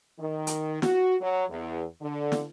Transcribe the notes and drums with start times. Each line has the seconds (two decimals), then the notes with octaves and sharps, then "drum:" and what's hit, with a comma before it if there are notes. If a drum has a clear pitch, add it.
0.19 D#3
0.47 drum: hi-hat
0.82 F#4, drum: snare
1.21 F#3
1.49 E2
2.01 D3
2.32 drum: snare